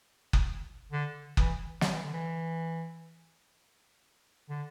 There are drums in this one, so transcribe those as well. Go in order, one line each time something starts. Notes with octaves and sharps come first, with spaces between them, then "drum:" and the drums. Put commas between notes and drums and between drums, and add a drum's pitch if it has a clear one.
drum: kick F#1
D3
E3, drum: kick F#1
F#3, drum: snare
E3
D3
E3
D3